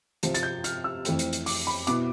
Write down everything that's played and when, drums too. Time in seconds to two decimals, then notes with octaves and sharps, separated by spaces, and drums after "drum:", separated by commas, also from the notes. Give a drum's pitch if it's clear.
0.23 C3 F3 C4, drum: hi-hat
0.34 A6, drum: hi-hat
0.43 G6
0.64 F6, drum: hi-hat
0.84 E6
1.05 F2 E3 A3 C4, drum: hi-hat
1.19 drum: hi-hat
1.33 drum: hi-hat
1.46 D6, drum: open hi-hat
1.67 B5
1.87 B2 B3 E4 D6, drum: hi-hat